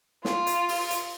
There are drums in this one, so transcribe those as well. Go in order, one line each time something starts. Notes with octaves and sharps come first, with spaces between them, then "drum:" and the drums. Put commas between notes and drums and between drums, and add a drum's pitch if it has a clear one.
F4, drum: snare
drum: hi-hat
drum: open hi-hat
drum: hi-hat